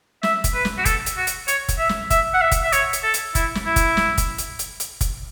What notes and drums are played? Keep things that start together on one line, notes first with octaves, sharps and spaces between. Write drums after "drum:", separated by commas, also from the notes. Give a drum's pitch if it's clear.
E5, drum: snare
drum: kick F#1, hi-hat
B4
drum: snare
F#4
A4, drum: kick F#1, hi-hat
drum: hi-hat
F#4
drum: hi-hat
C#5, drum: hi-hat
drum: kick F#1, hi-hat
E5
drum: snare
E5, drum: kick F#1, hi-hat
F#5
E5
drum: kick F#1, hi-hat
E5
C#5, drum: hi-hat
drum: hi-hat
A4
drum: hi-hat
E4, drum: kick F#1, hi-hat
drum: snare
E4
drum: kick F#1, hi-hat
drum: snare
drum: kick F#1, hi-hat
drum: hi-hat
drum: hi-hat
drum: hi-hat
drum: kick F#1, hi-hat